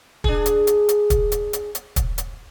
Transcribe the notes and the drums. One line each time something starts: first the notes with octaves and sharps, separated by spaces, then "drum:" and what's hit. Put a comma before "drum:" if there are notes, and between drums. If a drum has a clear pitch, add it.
D4 G#4, drum: kick
drum: hi-hat
drum: hi-hat
drum: hi-hat
drum: kick, hi-hat
drum: hi-hat
drum: hi-hat
drum: hi-hat
drum: kick, hi-hat
drum: hi-hat